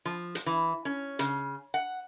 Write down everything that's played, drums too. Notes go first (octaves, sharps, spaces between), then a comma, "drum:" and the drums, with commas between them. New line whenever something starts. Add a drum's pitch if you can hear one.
F3
drum: hi-hat
E3
C#4
C#3, drum: hi-hat
F#5